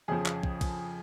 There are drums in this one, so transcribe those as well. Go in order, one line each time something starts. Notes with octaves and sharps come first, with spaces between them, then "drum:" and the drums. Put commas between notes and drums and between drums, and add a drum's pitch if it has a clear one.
F2 C#3 F3 G#4
drum: clap
drum: kick
drum: kick, cymbal